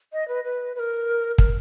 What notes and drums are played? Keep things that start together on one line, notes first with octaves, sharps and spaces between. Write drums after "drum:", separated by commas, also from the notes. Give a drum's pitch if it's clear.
D#5
B4
B4
B4
A#4
A#4, drum: kick